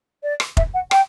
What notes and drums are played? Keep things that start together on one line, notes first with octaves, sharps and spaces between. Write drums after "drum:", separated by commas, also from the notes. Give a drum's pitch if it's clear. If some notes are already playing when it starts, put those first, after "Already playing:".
D5
drum: rim click
E5, drum: kick F1
F#5
G5, drum: rim click